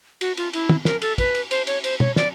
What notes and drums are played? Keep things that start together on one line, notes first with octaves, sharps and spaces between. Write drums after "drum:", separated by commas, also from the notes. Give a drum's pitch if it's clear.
F#4, drum: cymbal
F4, drum: cymbal
E4, drum: cymbal
drum: tom
A#4, drum: snare
A4, drum: cymbal
B4, drum: kick, cymbal
drum: cymbal
C5, drum: cymbal
C#5, drum: cymbal
C5, drum: cymbal
C#5, drum: tom
D5, drum: snare